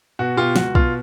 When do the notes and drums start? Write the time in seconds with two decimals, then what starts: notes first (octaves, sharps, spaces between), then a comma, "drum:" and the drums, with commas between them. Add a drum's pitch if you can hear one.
0.19 B2 F#4
0.37 B2 F4 G4
0.56 C#2 F#4, drum: snare
0.75 B2 F4, drum: kick